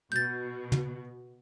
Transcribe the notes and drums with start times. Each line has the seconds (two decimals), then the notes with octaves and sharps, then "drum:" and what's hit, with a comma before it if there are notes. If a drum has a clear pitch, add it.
0.12 B2 G6 A6
0.72 drum: tom